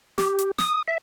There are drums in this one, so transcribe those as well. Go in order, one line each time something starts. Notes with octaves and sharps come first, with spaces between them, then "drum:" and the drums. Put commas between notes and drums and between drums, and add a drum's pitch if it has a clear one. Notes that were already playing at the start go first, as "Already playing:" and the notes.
G4, drum: snare
drum: hi-hat
D#6, drum: snare
E5